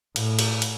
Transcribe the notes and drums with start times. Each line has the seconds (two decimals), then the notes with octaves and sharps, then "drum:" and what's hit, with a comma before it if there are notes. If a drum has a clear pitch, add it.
0.16 A2, drum: cymbal
0.39 drum: cymbal
0.62 drum: cymbal